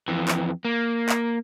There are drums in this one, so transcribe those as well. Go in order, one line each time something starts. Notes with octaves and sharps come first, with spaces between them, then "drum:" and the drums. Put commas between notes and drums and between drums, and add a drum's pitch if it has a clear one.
F2 E3
drum: clap
A#3
drum: clap